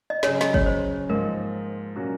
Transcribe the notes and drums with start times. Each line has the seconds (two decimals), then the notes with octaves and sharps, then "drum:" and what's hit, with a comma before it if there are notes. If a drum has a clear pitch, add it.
0.10 D#5
0.23 C#3 F#3 C#4 G#4 C#5, drum: snare
0.41 D#5, drum: snare
0.54 C#5, drum: kick
0.66 C5
1.09 G#2 F3 A#3 D#4 A#4
1.96 A#2 F#3 A#3 C#4 F#4